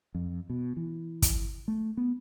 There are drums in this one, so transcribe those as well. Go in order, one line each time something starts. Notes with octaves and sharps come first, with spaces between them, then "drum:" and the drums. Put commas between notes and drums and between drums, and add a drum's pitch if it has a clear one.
F2
B2
E3
drum: kick, hi-hat
A3
B3